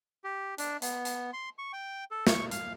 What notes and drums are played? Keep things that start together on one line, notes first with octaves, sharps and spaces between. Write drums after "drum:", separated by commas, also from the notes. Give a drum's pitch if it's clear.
G4
D4, drum: hi-hat
B3, drum: hi-hat
drum: hi-hat
C6
C#6
G5
A4
C#6, drum: snare
F5, drum: hi-hat